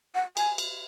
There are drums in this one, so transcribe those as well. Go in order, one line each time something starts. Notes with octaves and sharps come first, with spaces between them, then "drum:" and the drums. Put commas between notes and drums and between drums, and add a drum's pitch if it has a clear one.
F#5
G#5, drum: cymbal
drum: cymbal